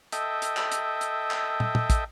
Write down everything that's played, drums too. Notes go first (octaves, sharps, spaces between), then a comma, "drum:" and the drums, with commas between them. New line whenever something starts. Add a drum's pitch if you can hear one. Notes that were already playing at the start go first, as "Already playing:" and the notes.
A4 D#5 E5 G5, drum: hi-hat
drum: hi-hat
drum: clap
drum: hi-hat
drum: hi-hat
drum: clap
drum: tom
drum: tom
drum: kick, hi-hat